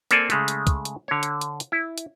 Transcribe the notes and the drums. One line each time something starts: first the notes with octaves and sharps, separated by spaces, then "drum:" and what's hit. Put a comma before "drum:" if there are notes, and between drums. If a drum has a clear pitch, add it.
A#3 C4 A4 D5 G#5, drum: hi-hat
C#3 G#3 A3, drum: hi-hat
drum: hi-hat
drum: kick, hi-hat
drum: hi-hat
D3 C#5
drum: hi-hat
drum: hi-hat
drum: hi-hat
E4
drum: hi-hat